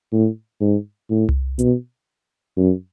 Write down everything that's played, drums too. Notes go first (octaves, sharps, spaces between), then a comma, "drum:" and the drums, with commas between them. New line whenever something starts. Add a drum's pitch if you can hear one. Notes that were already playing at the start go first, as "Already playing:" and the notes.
A2
G#2
A2
drum: tom C2
B2, drum: hi-hat
F#2